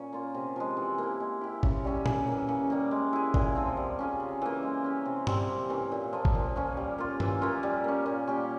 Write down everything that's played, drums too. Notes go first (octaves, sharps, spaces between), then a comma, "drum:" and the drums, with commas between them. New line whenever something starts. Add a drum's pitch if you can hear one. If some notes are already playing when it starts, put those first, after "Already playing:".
Already playing: A#2 C#4
A#3 F4
C3
F3 G#3
E3
A#3 E4
G#3
E4 G4
C#3, drum: kick
G3 C#4
C#3, drum: tom
E3 A#3
C#3
G3 A#3
G#3
E4 G#4
A#2, drum: kick
F3 C4
G3
C#4 F4 G#4
C#3
E3 A#3
G#3
C#4 G4
C3
G3 C4, drum: tom G2
C3
E3 A#3 C#4
A#2
F3 A#3
drum: kick
A#2
F3 A#3 C#4
G3
A#3 F4
E3, drum: tom G2
A#3 C#4 F4
G3
A#3 C#4
A#2
G3 C#4 G4